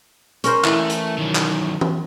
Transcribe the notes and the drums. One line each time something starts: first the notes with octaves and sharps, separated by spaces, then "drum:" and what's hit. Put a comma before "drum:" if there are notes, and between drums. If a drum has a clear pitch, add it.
C#4 A#4 C5, drum: hi-hat
E3 A3, drum: clap
drum: hi-hat
D#3 F#3
drum: clap
drum: tom E3